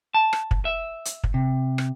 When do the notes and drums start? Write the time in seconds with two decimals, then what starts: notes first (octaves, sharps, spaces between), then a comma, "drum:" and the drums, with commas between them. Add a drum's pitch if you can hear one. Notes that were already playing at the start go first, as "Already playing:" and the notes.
0.14 A5
0.33 drum: rim click
0.51 drum: kick
0.65 E5
1.05 drum: hi-hat
1.24 drum: kick
1.34 C3
1.78 drum: rim click